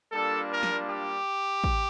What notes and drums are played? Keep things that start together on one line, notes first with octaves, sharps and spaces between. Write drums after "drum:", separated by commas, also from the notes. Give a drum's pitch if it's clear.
G3 A#3 D4 F4 A4
A#4
drum: snare
G4
drum: kick